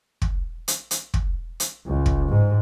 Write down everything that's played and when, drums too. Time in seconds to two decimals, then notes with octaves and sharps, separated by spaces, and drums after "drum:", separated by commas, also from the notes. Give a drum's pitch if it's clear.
0.22 drum: kick
0.68 drum: hi-hat
0.91 drum: hi-hat
1.14 drum: kick
1.60 drum: hi-hat
1.86 C#2
2.06 drum: kick
2.29 G#2